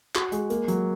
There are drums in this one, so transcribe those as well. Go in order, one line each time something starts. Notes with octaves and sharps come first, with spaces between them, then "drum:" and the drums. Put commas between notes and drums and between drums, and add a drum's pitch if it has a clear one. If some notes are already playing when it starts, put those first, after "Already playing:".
F#4, drum: clap
G#3, drum: hi-hat
A#3, drum: hi-hat
F#3, drum: hi-hat